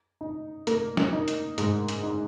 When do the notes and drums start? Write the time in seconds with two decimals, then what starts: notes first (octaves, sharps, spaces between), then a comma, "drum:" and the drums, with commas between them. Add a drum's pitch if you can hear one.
0.21 D#4
0.67 A#3, drum: hi-hat
0.97 drum: snare
1.13 D#4
1.28 drum: hi-hat
1.58 G#2, drum: hi-hat
1.88 drum: hi-hat
2.03 D#4